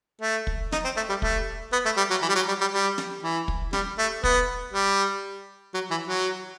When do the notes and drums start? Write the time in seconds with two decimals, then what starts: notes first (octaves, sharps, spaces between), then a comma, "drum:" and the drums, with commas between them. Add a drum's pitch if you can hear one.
0.21 A3
0.47 drum: kick
0.72 D#4, drum: snare
0.84 C4
0.97 A3
1.09 G3
1.22 A3, drum: kick
1.72 B3
1.85 A3
1.97 G3
2.11 F#3
2.22 E3
2.29 G3
2.35 F#3
2.48 G3
2.61 G3
2.72 G3
2.98 drum: snare
3.23 E3
3.48 drum: kick
3.73 G3, drum: snare
3.98 A3
4.24 B3, drum: kick
4.73 G3
5.74 F#3
5.91 E3
6.08 F#3